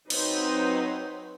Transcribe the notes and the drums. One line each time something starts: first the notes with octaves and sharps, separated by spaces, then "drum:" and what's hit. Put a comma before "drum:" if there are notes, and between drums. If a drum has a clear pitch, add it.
F#3 C4 D#4 B4 C5, drum: cymbal